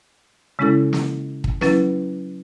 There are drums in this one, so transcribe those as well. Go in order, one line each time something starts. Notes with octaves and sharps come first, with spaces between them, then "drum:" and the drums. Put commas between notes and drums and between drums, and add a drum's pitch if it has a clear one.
C#3 G#3 C#4 E4 A4
drum: snare
drum: kick
F#3 C#4 E4 B4, drum: snare